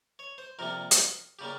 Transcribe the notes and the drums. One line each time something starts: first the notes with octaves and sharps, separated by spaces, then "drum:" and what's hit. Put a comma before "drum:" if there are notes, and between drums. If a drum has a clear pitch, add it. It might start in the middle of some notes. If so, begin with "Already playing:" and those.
C#5
C5
F2 C3 G3 A#3 A#4
drum: hi-hat
C#3 G3 A#3 G4